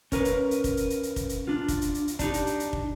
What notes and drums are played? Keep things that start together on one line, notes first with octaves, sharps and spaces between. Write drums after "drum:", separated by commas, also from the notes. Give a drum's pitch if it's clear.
C#4 A#4 B4, drum: kick, hi-hat
drum: hi-hat
drum: hi-hat
drum: kick, hi-hat
drum: hi-hat
drum: hi-hat
drum: hi-hat
drum: kick, hi-hat
drum: hi-hat
D4 F4
drum: kick, hi-hat
drum: hi-hat
drum: hi-hat
drum: hi-hat
D4 D#4 G4, drum: kick, hi-hat
drum: hi-hat
drum: hi-hat
drum: hi-hat
drum: kick